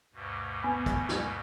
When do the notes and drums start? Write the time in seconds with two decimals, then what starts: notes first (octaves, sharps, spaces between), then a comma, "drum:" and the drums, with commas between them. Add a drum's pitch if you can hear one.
0.13 D2 G2 B2
0.64 B3 G#5 B5
0.86 drum: kick, hi-hat
1.09 drum: snare